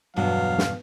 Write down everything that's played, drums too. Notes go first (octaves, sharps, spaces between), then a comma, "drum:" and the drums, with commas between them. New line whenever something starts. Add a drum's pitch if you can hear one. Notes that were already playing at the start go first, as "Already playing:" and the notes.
E2 G2 B2 F#3 F5
drum: snare